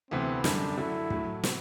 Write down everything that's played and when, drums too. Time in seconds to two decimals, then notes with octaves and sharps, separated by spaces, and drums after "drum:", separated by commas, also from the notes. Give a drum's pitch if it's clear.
0.11 D2 C3 E3 B3 C4
0.44 F#2 D3 G3 D4, drum: snare
0.77 D3 F#3 A3 E4
1.10 A2 F#3 A3, drum: kick
1.44 C3 F#3 B3, drum: snare